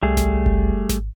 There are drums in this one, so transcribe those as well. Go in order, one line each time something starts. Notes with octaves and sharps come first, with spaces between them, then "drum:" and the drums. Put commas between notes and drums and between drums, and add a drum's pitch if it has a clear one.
C2 G3 A3 G#4
drum: snare G#1
drum: kick F#1
drum: snare G#1